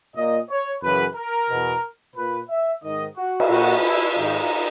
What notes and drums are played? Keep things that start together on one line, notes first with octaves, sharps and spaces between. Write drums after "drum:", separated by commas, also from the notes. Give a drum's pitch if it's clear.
A#2 D#5
C#5
F#2 C#3 E3 B4
A#4
E2 B2
A#2 B4
E5
G#2 D#3 D#5
F#4
drum: cymbal
A#2 F#4
E4
G#2 D#3 D#4